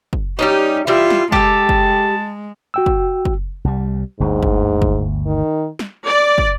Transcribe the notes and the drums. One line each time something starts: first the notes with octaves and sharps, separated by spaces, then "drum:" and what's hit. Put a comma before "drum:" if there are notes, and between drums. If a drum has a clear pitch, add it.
drum: kick
G3 C#4 D#4 G4
E3 G3 F4 E5
drum: snare
G#3 G4 A4 A5, drum: kick
drum: kick
F#4 G5 E6
drum: kick
drum: kick
C2 G3
G1 D2 G#2
drum: kick
drum: kick
D#3
drum: snare
D5
drum: kick